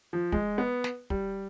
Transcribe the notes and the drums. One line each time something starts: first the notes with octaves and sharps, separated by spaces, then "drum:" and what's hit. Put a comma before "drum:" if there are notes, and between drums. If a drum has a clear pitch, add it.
F3
G#3, drum: kick
B3
drum: snare
G3, drum: kick